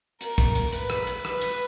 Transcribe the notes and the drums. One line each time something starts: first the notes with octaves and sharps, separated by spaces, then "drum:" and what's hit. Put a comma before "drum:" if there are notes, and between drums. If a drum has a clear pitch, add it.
A#4, drum: hi-hat
drum: kick, hi-hat
drum: hi-hat
B4, drum: hi-hat
drum: rim click
drum: hi-hat
B4, drum: rim click
drum: hi-hat